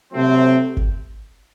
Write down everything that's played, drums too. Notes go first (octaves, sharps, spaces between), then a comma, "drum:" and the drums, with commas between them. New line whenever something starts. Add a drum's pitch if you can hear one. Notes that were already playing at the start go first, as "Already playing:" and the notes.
C3 F#3 A3 C4
drum: kick G1